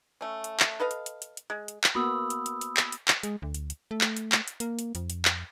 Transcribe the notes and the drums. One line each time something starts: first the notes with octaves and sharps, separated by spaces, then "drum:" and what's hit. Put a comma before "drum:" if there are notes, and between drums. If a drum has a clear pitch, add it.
A3 C#4
drum: hi-hat
drum: clap
A4 B4 D#5 F5
drum: hi-hat
drum: hi-hat
drum: hi-hat
drum: hi-hat
G#3
drum: hi-hat
drum: clap
A#3 B3 F#4 B5 D#6 E6
drum: hi-hat
drum: hi-hat
drum: hi-hat
drum: clap
drum: hi-hat
drum: clap
G#3, drum: hi-hat
D2
drum: hi-hat
drum: hi-hat
A3
drum: clap
drum: hi-hat
drum: clap
drum: hi-hat
A#3, drum: hi-hat
drum: hi-hat
F2, drum: hi-hat
drum: hi-hat
drum: clap